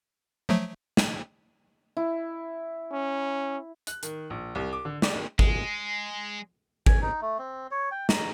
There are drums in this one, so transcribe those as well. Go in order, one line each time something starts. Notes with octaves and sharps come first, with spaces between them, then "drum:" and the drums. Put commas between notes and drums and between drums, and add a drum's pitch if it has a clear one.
F3 F#3 A3
drum: snare
E4
C#4
F#6, drum: hi-hat
D#3, drum: hi-hat
A#1
C2
D6
D3
D5, drum: snare
G#1
G#3, drum: kick G#1
G#5, drum: kick G#1
D#4
A3
C4
C#5
G5
A#5, drum: snare